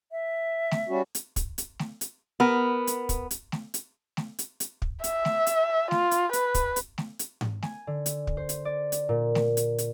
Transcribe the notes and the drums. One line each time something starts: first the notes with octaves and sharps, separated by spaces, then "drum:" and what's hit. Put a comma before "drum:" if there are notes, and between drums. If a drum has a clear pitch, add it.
E5
drum: snare A3
G3 C#4 F#4
drum: hi-hat
drum: kick, hi-hat
drum: hi-hat
drum: snare A3
drum: hi-hat
B3 A#4
drum: hi-hat
drum: kick, hi-hat
drum: hi-hat
drum: snare A3
drum: hi-hat
drum: snare A3
drum: hi-hat
drum: hi-hat
drum: kick
E5, drum: hi-hat
drum: snare A3
drum: hi-hat
F4, drum: snare A3
drum: hi-hat
B4, drum: hi-hat
drum: kick, hi-hat
drum: hi-hat
drum: snare A3
drum: hi-hat
drum: tom G#2
G#5, drum: snare A3
D3
drum: hi-hat
drum: kick
C5
drum: hi-hat
D5
drum: hi-hat
A#2
drum: snare A3
drum: hi-hat
drum: hi-hat